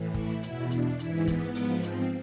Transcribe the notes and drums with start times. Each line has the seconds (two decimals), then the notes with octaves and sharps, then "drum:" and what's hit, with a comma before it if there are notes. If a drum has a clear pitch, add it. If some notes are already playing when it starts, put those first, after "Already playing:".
Already playing: A2 E3
0.14 E4, drum: kick
0.43 E2 B2 E4, drum: hi-hat
0.71 D4, drum: hi-hat
0.99 G#2 E3 E4, drum: hi-hat
1.27 B3, drum: kick, hi-hat
1.55 G#2 F3 B3, drum: open hi-hat
1.83 C4, drum: hi-hat